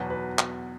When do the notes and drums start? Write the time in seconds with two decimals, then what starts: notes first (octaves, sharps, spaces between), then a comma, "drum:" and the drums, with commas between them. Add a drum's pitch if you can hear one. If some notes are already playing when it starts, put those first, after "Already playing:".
Already playing: E2 B2 F#3 B4
0.10 B4
0.39 drum: clap